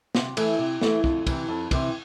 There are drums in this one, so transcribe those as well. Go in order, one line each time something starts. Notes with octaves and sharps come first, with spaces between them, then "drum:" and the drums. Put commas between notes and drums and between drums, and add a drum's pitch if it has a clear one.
C3, drum: snare
E3 A3, drum: cymbal
C3
E3 A3, drum: snare
F2, drum: kick
C3 E3, drum: kick, cymbal
F2
C3 E3, drum: kick, cymbal